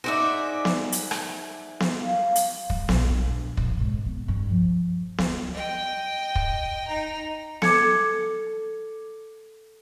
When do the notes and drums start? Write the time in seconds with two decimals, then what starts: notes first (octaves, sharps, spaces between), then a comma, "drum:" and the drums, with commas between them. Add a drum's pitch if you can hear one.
0.04 D#4 F#4 G#4 C5 D5 E5
0.65 drum: snare B3
0.92 drum: hi-hat
1.11 drum: rim click
1.80 drum: snare B3
2.01 F5
2.36 drum: hi-hat
2.70 G3, drum: kick
2.89 A#1, drum: snare B3
3.10 D4
3.57 A#1, drum: kick
3.80 G#2
4.06 B3
4.28 G2
4.50 F3
5.18 D2, drum: snare B3
5.54 D#5 G5
6.35 drum: kick
6.87 D#4 A#5
7.62 A4 D6 G#6 C#7, drum: snare B3